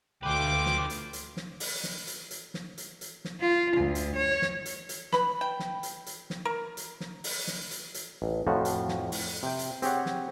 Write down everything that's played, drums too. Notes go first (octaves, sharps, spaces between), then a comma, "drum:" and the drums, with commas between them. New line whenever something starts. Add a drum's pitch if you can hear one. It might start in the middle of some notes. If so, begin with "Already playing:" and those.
D2 F4 B4 G5 D6
drum: snare
drum: hi-hat
drum: hi-hat
drum: snare
drum: open hi-hat
drum: snare
drum: hi-hat
drum: hi-hat
drum: snare
drum: hi-hat
drum: hi-hat
drum: snare
F4
D2
drum: hi-hat
C#5
drum: snare
drum: hi-hat
drum: hi-hat
B4 B5, drum: snare
G5
drum: snare
drum: hi-hat
drum: hi-hat
drum: snare
A#4
drum: hi-hat
drum: snare
drum: open hi-hat
drum: snare
drum: hi-hat
drum: hi-hat
A1
F2 A2 F3 F#4
drum: hi-hat
drum: snare
drum: open hi-hat
C3 G5
drum: hi-hat
C4 G4 G#4 C#5 F#5, drum: hi-hat
drum: snare